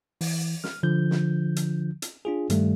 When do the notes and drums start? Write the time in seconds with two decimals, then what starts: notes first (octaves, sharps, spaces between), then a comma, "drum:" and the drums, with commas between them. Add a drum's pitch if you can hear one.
0.21 E3, drum: open hi-hat
0.64 F6, drum: snare
0.83 D3 F3 G6
1.11 drum: snare
1.56 drum: hi-hat
2.02 drum: hi-hat
2.25 D4 F4 G#4
2.50 G2 D#3 G3 A3, drum: hi-hat